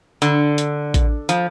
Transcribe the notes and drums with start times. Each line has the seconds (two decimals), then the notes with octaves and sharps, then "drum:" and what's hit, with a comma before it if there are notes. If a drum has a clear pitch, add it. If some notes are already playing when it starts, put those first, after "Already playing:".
0.22 D3, drum: hi-hat
0.58 drum: hi-hat
0.94 drum: kick A1, hi-hat
1.29 F3, drum: hi-hat